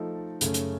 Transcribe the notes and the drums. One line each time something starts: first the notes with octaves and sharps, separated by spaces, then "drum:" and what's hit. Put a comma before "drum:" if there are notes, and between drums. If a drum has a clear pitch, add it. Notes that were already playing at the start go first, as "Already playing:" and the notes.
Already playing: F3 A3 D#4 A4
F#2 C#3 A3 C#4, drum: hi-hat
drum: hi-hat